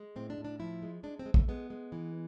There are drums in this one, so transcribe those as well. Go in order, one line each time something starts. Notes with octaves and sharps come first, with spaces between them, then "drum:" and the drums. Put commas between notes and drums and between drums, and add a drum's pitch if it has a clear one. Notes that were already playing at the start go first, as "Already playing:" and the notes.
Already playing: G#3
A2 C4
D4
A2
D4
F3 E4
G#3
G#3 D4
C4
G#3
A3, drum: kick
G#3 B3
G#3
E3